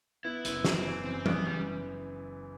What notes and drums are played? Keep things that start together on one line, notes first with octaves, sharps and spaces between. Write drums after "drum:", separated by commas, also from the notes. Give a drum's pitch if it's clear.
B3 E4
F#1, drum: hi-hat
F#1 C4, drum: snare
E3
F#2 C4
E3 B3, drum: tom E3
F#2 G3